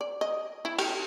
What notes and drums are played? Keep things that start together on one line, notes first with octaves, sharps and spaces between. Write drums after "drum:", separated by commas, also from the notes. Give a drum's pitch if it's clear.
D5
D#5
E4
G4, drum: cymbal